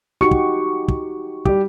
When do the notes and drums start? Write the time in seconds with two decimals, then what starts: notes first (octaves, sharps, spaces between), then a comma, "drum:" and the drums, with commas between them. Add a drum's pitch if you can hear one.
0.21 D#4 F#4 G4 C#6 C#7
0.31 drum: kick
0.88 drum: kick
1.45 G3 G4, drum: kick